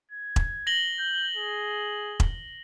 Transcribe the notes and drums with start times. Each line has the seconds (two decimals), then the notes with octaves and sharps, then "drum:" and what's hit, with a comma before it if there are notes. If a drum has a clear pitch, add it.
0.11 G#6
0.36 drum: kick E1
0.67 A#6 F#7 G7
0.99 G6
1.36 G#4
2.20 drum: kick E1